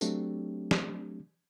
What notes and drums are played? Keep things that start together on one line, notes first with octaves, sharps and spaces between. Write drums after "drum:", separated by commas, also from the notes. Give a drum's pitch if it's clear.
F#3 A3 C4 D4 G4, drum: tambourine
drum: snare